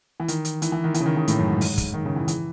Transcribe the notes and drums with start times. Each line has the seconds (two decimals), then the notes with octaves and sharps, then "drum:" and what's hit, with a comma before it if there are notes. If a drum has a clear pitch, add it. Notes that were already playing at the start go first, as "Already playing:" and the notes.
0.20 E3
0.28 D#3, drum: hi-hat
0.45 drum: hi-hat
0.62 E3, drum: hi-hat
0.72 E3
0.84 D#3
0.94 E3, drum: hi-hat
1.00 C#3
1.06 D#3
1.17 C#3
1.28 A2, drum: hi-hat
1.39 F#2
1.50 G#2
1.61 drum: open hi-hat
1.78 drum: kick, hi-hat
1.94 D#3
2.05 C#3
2.16 E3
2.28 E3, drum: hi-hat